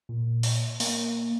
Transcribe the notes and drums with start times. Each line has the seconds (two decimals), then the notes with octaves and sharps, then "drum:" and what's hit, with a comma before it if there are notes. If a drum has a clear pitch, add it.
0.09 A#2
0.43 drum: open hi-hat
0.80 A#3, drum: open hi-hat